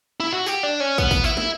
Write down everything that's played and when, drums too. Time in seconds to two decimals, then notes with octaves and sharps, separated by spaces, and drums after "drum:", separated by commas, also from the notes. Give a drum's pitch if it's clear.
0.20 E4
0.32 F#4
0.46 G4, drum: tambourine
0.63 D4
0.80 C#4
0.98 B3, drum: kick, tambourine
1.11 drum: kick, tambourine
1.24 E4, drum: tambourine
1.37 drum: snare